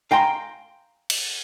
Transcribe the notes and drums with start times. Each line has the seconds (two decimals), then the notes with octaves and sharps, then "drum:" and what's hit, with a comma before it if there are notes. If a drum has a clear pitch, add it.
0.11 F5 G5 G#5 A#5 C6
1.10 drum: cymbal